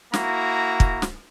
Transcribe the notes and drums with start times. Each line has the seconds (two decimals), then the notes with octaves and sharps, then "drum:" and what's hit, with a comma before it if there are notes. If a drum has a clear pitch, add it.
0.14 A#3 E4 F#4 A#5, drum: snare
0.80 drum: kick
1.02 drum: snare